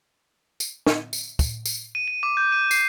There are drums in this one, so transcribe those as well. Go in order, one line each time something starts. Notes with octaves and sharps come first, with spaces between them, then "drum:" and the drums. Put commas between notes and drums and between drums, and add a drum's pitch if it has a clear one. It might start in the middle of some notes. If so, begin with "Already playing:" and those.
drum: tambourine
drum: snare
drum: tambourine
drum: kick, tambourine
drum: tambourine
D#7
D#7
D6
G6
D#7
C7, drum: tambourine